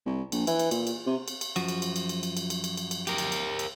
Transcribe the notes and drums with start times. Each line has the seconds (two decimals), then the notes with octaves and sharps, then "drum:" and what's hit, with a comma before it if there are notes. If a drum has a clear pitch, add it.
0.06 C2
0.32 A#1, drum: cymbal
0.47 E3, drum: cymbal
0.59 drum: cymbal
0.71 A#2, drum: cymbal
0.87 drum: cymbal
1.06 C3
1.28 drum: cymbal
1.41 drum: cymbal
1.56 F#2 F3 F#4, drum: cymbal
1.68 drum: cymbal
1.82 drum: cymbal
1.96 drum: cymbal
2.09 drum: cymbal
2.23 drum: cymbal
2.37 drum: cymbal
2.50 drum: cymbal
2.64 drum: cymbal
2.77 drum: cymbal
2.91 drum: cymbal
3.07 G4 A#4, drum: cymbal
3.18 drum: cymbal
3.32 drum: cymbal
3.59 drum: cymbal